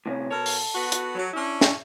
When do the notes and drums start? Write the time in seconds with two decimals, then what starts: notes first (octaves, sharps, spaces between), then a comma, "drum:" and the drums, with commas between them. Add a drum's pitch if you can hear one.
0.06 A2 C3 C#4
0.31 B2 A4 A#4 C#5
0.46 drum: open hi-hat
0.73 B3 F#4
0.92 drum: hi-hat
1.15 F#3
1.34 C#4 D4 E4
1.61 drum: snare